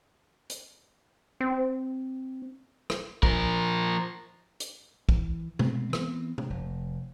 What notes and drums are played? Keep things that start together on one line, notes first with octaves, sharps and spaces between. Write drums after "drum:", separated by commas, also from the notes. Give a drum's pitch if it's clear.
drum: hi-hat
C4
drum: rim click
F3 A#4, drum: kick
drum: hi-hat
E3, drum: kick
B2 G#3 A3 C4, drum: tom C3
E3 B3 C4, drum: rim click
drum: tom C3
F1